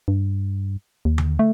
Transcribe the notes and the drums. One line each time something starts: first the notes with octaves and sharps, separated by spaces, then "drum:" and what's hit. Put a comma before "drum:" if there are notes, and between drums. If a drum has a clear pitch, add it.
G2
D#2
drum: tom D3
A3